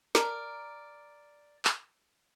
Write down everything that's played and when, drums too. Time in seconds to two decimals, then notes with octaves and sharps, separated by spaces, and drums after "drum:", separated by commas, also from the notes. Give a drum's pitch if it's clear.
0.15 A#4 D5, drum: snare
1.65 drum: clap